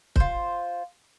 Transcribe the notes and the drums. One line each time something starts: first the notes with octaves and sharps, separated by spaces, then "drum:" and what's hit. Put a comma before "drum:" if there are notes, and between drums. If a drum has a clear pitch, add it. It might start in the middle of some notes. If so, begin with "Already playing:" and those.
F4 C5, drum: kick